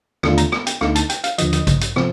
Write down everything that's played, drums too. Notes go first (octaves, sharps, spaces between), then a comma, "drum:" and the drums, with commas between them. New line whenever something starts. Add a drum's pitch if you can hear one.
D#2 D3 A3 D4 F4, drum: rim click
A#5, drum: hi-hat
drum: rim click
G5, drum: hi-hat
D2 D3 A3 D#4 F5, drum: rim click
A5, drum: hi-hat
G5, drum: hi-hat
F5, drum: hi-hat
D#2 D3 F3 D#5, drum: hi-hat
drum: hi-hat
drum: kick A1, hi-hat
drum: hi-hat
C3 F3 C4, drum: rim click